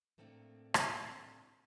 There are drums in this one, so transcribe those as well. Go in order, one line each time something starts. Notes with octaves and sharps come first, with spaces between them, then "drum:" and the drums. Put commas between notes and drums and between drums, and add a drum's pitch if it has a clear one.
A2 A3 A#3 C4 D4
drum: rim click